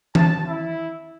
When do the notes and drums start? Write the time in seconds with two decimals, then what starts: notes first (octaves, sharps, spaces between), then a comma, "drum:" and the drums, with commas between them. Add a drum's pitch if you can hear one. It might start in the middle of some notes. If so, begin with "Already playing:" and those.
0.15 A5, drum: tom E3
0.48 E4